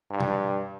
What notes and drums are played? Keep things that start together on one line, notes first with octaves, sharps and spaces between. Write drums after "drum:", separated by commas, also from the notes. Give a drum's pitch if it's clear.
G2
drum: tom